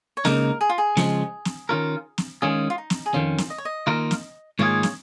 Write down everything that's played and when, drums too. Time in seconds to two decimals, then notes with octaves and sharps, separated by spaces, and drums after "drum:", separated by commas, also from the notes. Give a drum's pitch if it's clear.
0.17 C#5
0.25 C#2 C#3 A#3 D#4 A#4, drum: snare
0.61 G#4
0.69 F4
0.78 G#4
0.97 C#3 F3 G#3, drum: snare
1.45 drum: snare
1.69 D#3 C#4 F4 A#4
2.18 drum: snare
2.42 D#3 G#3 C#4 F4 G#4
2.70 F4
2.78 D#4
2.90 drum: snare
3.06 G#4
3.14 F2 D#3 C#4 F4
3.38 drum: snare
3.50 D#5
3.58 C#5
3.65 D#5
3.87 D#3 A#3 F4 A#4
4.11 drum: snare
4.59 G#2 D#3 A#3 F4 G#4 C#5
4.83 drum: snare